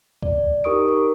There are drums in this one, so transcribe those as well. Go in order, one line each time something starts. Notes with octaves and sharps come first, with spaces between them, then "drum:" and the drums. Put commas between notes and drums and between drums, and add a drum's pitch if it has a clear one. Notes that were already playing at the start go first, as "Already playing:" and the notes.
D5, drum: kick C#2
D#4 G4 A#4 C#6 D#6 D7
A#4